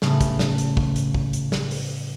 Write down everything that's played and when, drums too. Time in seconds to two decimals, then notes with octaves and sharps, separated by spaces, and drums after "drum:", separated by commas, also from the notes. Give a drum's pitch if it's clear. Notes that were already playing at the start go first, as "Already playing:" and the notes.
0.02 A2 C#3 G3 A3 B3, drum: snare
0.21 drum: kick, hi-hat
0.39 drum: snare
0.58 drum: hi-hat
0.77 drum: kick
0.96 drum: hi-hat
1.14 drum: kick
1.33 drum: hi-hat
1.52 drum: snare
1.71 drum: open hi-hat